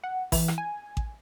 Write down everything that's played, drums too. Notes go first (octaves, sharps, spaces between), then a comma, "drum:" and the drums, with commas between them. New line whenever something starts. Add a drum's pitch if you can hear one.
F#5
E3, drum: kick A1, open hi-hat
drum: rim click
G#5
drum: kick A1